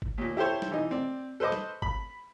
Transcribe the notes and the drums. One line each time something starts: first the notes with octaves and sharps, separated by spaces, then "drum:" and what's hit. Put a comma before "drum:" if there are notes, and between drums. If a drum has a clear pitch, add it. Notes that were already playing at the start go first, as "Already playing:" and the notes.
drum: kick G1
D#2 A#2
E4 G4 A4 C5 C#5
drum: snare
E3 D#4
C4 D5
A4 B4 C5 D#5 D6
drum: snare
B5, drum: kick G1